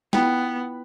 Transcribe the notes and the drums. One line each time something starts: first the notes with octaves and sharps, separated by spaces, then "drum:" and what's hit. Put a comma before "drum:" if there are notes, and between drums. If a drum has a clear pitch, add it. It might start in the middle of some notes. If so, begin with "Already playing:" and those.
B3 E4 F4 G5, drum: snare